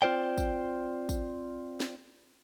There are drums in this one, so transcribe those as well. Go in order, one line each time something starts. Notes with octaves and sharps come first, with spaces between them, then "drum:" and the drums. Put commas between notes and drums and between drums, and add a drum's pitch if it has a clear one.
C4 F4 C5 D5 G5
drum: kick, tambourine
drum: kick, tambourine
drum: snare